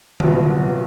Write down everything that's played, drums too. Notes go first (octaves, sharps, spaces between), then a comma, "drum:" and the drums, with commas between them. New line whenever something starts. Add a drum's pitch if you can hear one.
C2 A#2 F#3 B3, drum: tom D3